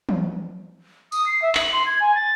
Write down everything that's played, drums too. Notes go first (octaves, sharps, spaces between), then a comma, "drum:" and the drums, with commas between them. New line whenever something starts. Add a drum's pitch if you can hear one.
drum: tom E3
D#6, drum: tambourine
C7
E5
F#7, drum: clap
C6
G#6
G#5
A6